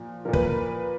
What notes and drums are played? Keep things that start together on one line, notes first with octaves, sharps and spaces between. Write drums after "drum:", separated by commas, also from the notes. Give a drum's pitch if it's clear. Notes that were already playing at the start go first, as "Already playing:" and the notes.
Already playing: A#2 F3
A#2 F3 A#4
B4, drum: kick
A#4